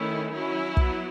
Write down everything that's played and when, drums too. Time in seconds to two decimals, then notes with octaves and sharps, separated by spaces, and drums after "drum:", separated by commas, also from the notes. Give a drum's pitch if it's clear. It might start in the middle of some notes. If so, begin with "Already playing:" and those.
Already playing: D#3 A3 C#4 E4
0.33 F#3 C#4 E4
0.77 F#3 B3, drum: kick